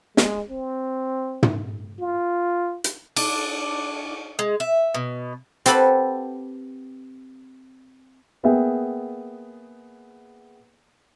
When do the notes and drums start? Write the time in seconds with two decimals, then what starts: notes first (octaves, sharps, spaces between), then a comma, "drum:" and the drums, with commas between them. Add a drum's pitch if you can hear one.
0.17 G#3, drum: snare
0.50 C4
1.43 drum: tom
2.00 F4
2.84 drum: hi-hat
3.16 D4, drum: cymbal
4.39 G#3
4.60 E5
4.94 B2
5.66 C4 G4 A4 B4 F#5 B5, drum: hi-hat
8.43 A#3 B3 G#4 E5 G5